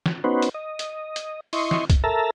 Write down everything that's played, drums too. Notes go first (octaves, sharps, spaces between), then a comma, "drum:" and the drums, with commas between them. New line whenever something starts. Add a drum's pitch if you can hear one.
drum: snare
B3 C#4 D#4 F#4 B4 C5
drum: hi-hat
D#5
drum: hi-hat
drum: hi-hat
E4 D#5 C6 C#6, drum: open hi-hat
drum: snare
drum: kick, hi-hat
A4 A#4 E5 A5 A#5